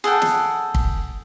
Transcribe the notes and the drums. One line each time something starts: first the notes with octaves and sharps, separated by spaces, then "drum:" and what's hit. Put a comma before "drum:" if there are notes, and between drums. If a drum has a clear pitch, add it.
G#4 A4 F#5 G5
drum: snare
drum: kick